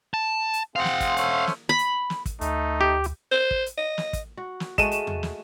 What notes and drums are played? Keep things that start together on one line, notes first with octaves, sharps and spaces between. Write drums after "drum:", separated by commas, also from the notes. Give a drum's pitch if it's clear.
A5
drum: hi-hat
C4 F4 G#4 F5 F#5
drum: snare
drum: kick, hi-hat
A3 C#4 C5, drum: hi-hat
drum: snare
B5
drum: hi-hat
drum: snare
drum: kick, hi-hat
D2 A3 D#4, drum: hi-hat
G4
drum: hi-hat
C5
drum: kick
drum: hi-hat
D#5
drum: snare
drum: kick, hi-hat
F#4
drum: snare
G#3 A3 F#4 D#7 E7, drum: kick, hi-hat
drum: hi-hat
drum: tom E2
drum: snare